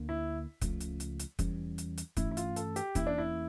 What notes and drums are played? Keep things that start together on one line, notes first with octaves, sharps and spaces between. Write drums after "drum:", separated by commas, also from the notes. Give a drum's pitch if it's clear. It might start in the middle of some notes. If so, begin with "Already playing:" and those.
Already playing: D2 D3 A#3
E4
C#2 C#3 F3 A3, drum: kick, hi-hat
drum: hi-hat
drum: hi-hat
drum: hi-hat
E2 E3 G3 C#4, drum: kick, hi-hat
drum: hi-hat
drum: hi-hat
G2 E3 A3 C#4 E4, drum: kick, hi-hat
E4
F4, drum: hi-hat
A4, drum: hi-hat
G4, drum: hi-hat
E2 E3 A#3 C#4 E4, drum: kick, hi-hat
D4
E4